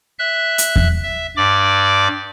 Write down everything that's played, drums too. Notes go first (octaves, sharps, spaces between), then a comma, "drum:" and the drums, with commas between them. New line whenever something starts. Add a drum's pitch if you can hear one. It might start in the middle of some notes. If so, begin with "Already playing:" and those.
E5 F#6
drum: hi-hat
drum: kick E2
E5
G2 D5 D6